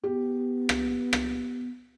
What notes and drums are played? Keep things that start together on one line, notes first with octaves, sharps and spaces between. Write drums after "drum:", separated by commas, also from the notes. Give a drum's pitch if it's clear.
B3 G4
drum: rim click
drum: rim click